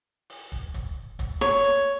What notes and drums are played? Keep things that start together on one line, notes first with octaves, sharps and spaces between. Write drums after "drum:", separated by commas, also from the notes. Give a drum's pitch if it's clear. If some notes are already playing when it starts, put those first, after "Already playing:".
drum: open hi-hat
drum: kick
drum: kick, hi-hat
drum: kick, hi-hat
C#5
drum: hi-hat